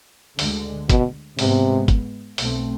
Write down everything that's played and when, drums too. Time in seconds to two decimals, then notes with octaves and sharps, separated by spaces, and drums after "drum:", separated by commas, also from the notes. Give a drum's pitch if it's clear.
0.39 D2 D3 G#3, drum: open hi-hat
0.90 B2, drum: kick, hi-hat
1.39 G#2 C3 G#3 B3, drum: open hi-hat
1.88 drum: kick, hi-hat
2.38 B1 B2 A3 C4, drum: open hi-hat